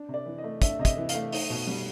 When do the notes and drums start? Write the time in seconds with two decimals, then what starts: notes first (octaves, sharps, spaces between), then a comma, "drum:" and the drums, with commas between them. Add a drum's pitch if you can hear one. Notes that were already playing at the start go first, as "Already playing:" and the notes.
Already playing: D4
0.09 C3
0.14 D5
0.26 E3
0.38 D#5
0.44 A3
0.62 D4 E5, drum: kick, hi-hat
0.79 C3 D#5
0.85 E5, drum: kick, hi-hat
0.97 E3
1.09 F5, drum: hi-hat
1.15 A3
1.32 D#4, drum: open hi-hat
1.50 B2
1.67 G3